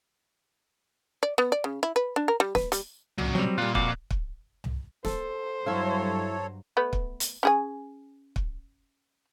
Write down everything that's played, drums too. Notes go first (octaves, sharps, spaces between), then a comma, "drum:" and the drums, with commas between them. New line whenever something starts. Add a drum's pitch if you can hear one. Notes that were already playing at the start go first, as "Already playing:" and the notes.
D5
B3
D5
C#3
E4
B4
D4
A#4
G3
B4, drum: snare
G3, drum: hi-hat
A#2 C#3 F#3, drum: tom C2
F#3 G3 C4
A#2 G3 F4 F#6
F2 F#4 F5 D6, drum: kick
drum: kick
drum: tom C2
A4 C5, drum: snare
G2 F#3 E4 A4 C#5 E5 F5
A3 B3 B4
drum: kick
drum: hi-hat
C#4 G#4 G#5
drum: kick